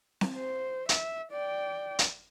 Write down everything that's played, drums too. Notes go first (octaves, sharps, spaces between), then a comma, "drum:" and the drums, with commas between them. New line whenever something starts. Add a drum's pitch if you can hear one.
drum: snare C4
C5
E5, drum: hi-hat
D5 G5
drum: hi-hat